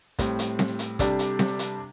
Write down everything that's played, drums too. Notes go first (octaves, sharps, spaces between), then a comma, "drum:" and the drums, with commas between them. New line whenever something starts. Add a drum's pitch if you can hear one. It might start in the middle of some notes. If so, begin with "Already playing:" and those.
A2 G3 C4, drum: kick, hi-hat
drum: hi-hat
drum: snare C4
drum: hi-hat
C3 G3 D4 A4, drum: kick, hi-hat
drum: hi-hat
drum: snare C4
drum: hi-hat